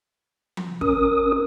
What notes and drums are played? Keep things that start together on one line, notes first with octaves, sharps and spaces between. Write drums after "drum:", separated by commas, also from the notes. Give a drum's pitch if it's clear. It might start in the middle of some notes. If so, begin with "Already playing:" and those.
drum: tom F3
C#4 A#4 D#6, drum: kick